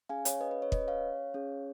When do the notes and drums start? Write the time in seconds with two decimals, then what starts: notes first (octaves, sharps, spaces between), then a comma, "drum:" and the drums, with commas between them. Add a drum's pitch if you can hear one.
0.09 C#4 G#4 F5 G#5
0.25 C#5 F5, drum: hi-hat
0.41 B4 D#5
0.51 B4
0.62 C#5
0.72 B4 D#5, drum: kick
0.88 C#5 F5
1.34 C#4 G#4